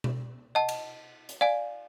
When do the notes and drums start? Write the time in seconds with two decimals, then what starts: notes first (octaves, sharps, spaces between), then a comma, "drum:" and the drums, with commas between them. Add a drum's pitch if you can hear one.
0.04 drum: tom B2
0.55 D#5 F#5 A5
0.69 drum: cymbal
1.29 drum: hi-hat
1.41 D5 F5 G#5